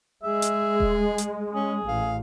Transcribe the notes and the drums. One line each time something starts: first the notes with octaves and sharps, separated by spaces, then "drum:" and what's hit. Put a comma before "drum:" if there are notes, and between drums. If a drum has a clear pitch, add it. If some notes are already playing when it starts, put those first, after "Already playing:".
G#3 G#4 E5
drum: hi-hat
drum: kick D#1
drum: hi-hat
C#4 G#4
A1 F5